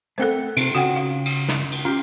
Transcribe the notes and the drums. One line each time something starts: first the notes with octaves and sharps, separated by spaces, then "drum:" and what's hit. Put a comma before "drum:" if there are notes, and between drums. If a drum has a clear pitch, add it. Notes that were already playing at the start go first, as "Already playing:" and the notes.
A3 C4 A4 A#4 C5 F#5
C3, drum: cymbal
C#3 F#4 F#5 G5
F5
drum: cymbal
drum: snare
drum: cymbal
C#4 F4 G4